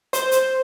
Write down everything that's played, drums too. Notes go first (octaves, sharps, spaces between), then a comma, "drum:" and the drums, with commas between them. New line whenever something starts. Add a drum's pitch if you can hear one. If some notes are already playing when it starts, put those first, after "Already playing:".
C5, drum: hi-hat
drum: hi-hat